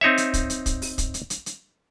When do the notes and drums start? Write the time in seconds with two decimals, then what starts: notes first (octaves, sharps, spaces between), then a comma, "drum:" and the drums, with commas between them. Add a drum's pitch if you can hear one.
0.01 C4 D#4 C#5 E5
0.17 drum: hi-hat
0.34 drum: kick, hi-hat
0.50 drum: hi-hat
0.66 drum: kick, hi-hat
0.82 drum: open hi-hat
0.98 drum: kick, hi-hat
1.14 drum: hi-hat
1.30 drum: hi-hat
1.46 drum: hi-hat